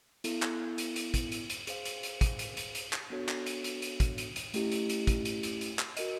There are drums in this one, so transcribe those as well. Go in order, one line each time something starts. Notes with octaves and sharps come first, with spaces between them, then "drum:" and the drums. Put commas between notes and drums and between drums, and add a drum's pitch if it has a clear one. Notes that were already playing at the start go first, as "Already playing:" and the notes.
B3 E4 A4, drum: hi-hat
drum: clap
drum: hi-hat
drum: hi-hat
drum: kick, hi-hat
drum: hi-hat
drum: hi-hat
G#4 C5 F5, drum: hi-hat
drum: hi-hat
drum: hi-hat
drum: kick, hi-hat
drum: hi-hat
drum: hi-hat
drum: hi-hat
drum: clap
B3 D4 F#4 A4 C#5
drum: clap
drum: hi-hat
drum: hi-hat
drum: hi-hat
drum: kick, hi-hat
drum: hi-hat
drum: hi-hat
A3 C#4 E4 G4, drum: hi-hat
drum: hi-hat
drum: hi-hat
drum: kick, hi-hat
drum: hi-hat
drum: hi-hat
drum: hi-hat
drum: clap
F#4 A#4 D#5, drum: hi-hat